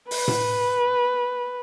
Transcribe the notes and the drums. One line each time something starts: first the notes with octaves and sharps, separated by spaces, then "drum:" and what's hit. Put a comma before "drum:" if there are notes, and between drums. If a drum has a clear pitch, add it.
B4, drum: open hi-hat
drum: tom A2